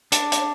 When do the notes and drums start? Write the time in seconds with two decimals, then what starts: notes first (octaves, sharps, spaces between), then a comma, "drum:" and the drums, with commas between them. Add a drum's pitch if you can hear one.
0.12 D4, drum: hi-hat
0.32 drum: hi-hat